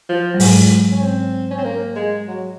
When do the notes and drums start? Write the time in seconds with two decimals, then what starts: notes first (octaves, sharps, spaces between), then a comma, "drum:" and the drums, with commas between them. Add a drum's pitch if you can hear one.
0.09 F3
0.34 F#3
0.40 G#2 G#3, drum: open hi-hat
0.92 C#4
1.02 C4
1.51 C#4
1.58 C4
1.64 A#3
1.96 G#3
2.28 F#3